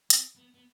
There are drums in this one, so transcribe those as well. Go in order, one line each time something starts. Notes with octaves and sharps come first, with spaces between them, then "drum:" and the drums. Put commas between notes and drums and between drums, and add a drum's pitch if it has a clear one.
C4, drum: hi-hat
B3
B3